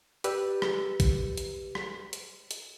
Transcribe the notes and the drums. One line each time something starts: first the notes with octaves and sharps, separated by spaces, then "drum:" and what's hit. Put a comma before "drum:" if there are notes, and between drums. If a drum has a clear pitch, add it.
G4 B4 D5 E6, drum: hi-hat
drum: rim click
drum: kick A#1, hi-hat
drum: hi-hat
drum: rim click
drum: hi-hat
drum: hi-hat